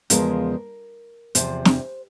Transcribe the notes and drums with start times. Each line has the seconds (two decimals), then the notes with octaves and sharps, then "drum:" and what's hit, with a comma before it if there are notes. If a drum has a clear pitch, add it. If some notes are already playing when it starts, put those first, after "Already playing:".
0.10 E2 C#3 F3 G#3 B3 A#4, drum: hi-hat
1.35 E2 C3 F3 C5, drum: hi-hat
1.65 drum: snare